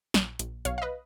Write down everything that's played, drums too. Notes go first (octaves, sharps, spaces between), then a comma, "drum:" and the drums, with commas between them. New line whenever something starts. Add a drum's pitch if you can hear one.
A#1, drum: snare
A#1, drum: hi-hat
B1 C#5 F5, drum: hi-hat
F5
B4 D#5